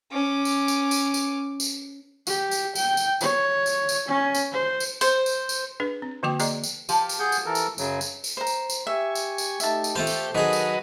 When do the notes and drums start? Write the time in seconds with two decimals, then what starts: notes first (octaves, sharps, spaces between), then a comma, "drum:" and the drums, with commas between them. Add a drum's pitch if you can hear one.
0.12 C#4 D6
0.45 drum: tambourine
0.68 drum: tambourine
0.91 drum: tambourine
1.14 drum: tambourine
1.60 drum: tambourine
2.27 G4, drum: tambourine
2.51 drum: tambourine
2.75 G5, drum: tambourine
2.97 drum: tambourine
3.21 C#5, drum: tambourine
3.66 drum: tambourine
3.89 drum: tambourine
4.08 C#4
4.35 drum: tambourine
4.52 C5
4.80 drum: tambourine
5.01 C5, drum: tambourine
5.26 drum: tambourine
5.49 drum: tambourine
5.80 D4 G#4 B4
6.02 C4
6.23 D3 F3 A#3 F#4 G5 D6
6.40 A#3 G#4 D5 D#5 A#5 D6, drum: tambourine
6.64 drum: tambourine
6.89 F3 F4 G4, drum: tambourine
7.09 drum: tambourine
7.20 G#4 F#5 G6
7.32 drum: tambourine
7.46 E3 A4 A#4
7.55 drum: tambourine
7.78 F#2 C#3 F#3, drum: tambourine
8.01 drum: tambourine
8.24 drum: tambourine
8.37 C5 A#5
8.47 drum: tambourine
8.70 drum: tambourine
8.87 G4 E5 G#5 C#6
9.15 drum: tambourine
9.38 drum: tambourine
9.60 A3 D#4 G4 E5 A5, drum: tambourine
9.84 drum: tambourine
9.95 A3 F4 G4 A4 C5 F5
10.07 drum: tambourine
10.35 D#3 F#3 G#4 B4 D#5
10.53 drum: tambourine